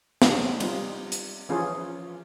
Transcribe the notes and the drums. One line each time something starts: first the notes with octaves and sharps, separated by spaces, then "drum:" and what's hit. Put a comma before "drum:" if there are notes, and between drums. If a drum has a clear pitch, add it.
F#3 B3 C4 D4 D#4, drum: snare
G3 C4 D#4 F4, drum: cymbal
drum: hi-hat
E3 F3 C#4 F4 G#4